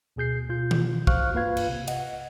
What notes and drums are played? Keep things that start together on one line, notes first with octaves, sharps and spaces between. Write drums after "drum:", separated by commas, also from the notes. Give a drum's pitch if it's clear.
D2 B2 G#4 G6 C7
B2 F4 G6
drum: tom D#3
F#4 C5 F5 C#6 F6 F#6, drum: kick
G2 A#3 F4 B4 F5 G#6
drum: cymbal
C3
D#5 F#5, drum: cymbal